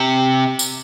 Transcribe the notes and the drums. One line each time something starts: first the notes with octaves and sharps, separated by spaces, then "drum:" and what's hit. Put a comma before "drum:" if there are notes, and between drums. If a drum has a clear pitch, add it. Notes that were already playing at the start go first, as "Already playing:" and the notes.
Already playing: C3
drum: tambourine